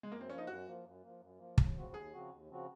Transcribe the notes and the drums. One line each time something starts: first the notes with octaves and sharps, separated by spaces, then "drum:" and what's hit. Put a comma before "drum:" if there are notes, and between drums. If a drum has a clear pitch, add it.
G#3
F#2 A#3
C4
F3 A#3 C#4
D#4
F#2 F#4
F3 A#3
F#2
F3 A#3
F#2
F3 A#3
D#2, drum: kick
C#3 F3 C4 F#4
D#2 G#4
C#3 F3 C4 F#4
D#2
C#3 F3 C4 F#4